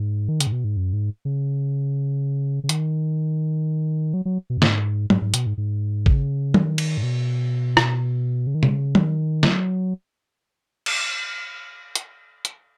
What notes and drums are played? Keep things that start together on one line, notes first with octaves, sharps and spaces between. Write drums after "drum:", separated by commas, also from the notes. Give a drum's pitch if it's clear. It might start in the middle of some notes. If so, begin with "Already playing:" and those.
Already playing: G#2
D#3
C#3, drum: hi-hat
G#2
B2
G#2
F#2
G#2
C#3
C#3
D#3, drum: hi-hat
F#3
F#3
B2
F#2
G#2, drum: snare
G#2, drum: tom
G#2
B2, drum: hi-hat
G#2
G#2
C#3, drum: kick
D#3, drum: tom
drum: cymbal
G#2
B2
drum: rim click
C#3
D#3
C#3, drum: tom B2
D#3, drum: tom
F#3, drum: snare
drum: cymbal
drum: hi-hat
drum: hi-hat